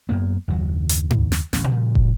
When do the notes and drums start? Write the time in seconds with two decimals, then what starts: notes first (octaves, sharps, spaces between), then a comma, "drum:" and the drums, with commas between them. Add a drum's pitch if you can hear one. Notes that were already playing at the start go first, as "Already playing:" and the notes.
0.09 F#2 A#3 B3
0.48 F#1 D#2 F#3
0.89 drum: hi-hat
1.10 drum: tom G#2
1.32 drum: snare
1.53 D1 A1 D#2 C#4, drum: snare
1.68 A2 C#3 F3 G3
1.95 drum: kick